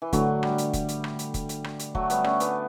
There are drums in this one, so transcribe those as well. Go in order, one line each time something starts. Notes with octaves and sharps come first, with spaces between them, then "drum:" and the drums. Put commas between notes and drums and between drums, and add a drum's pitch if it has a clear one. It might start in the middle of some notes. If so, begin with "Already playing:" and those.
E3
D3 F#3 A3 D4 F#4, drum: kick F1, hi-hat
G3, drum: rim click
drum: hi-hat
drum: kick F1, hi-hat
drum: hi-hat
drum: rim click
drum: hi-hat
drum: kick F1, hi-hat
drum: hi-hat
drum: rim click
drum: hi-hat
F#3 A3, drum: kick F1
G3 B3, drum: hi-hat
A3 C#4, drum: rim click
B3 D4, drum: hi-hat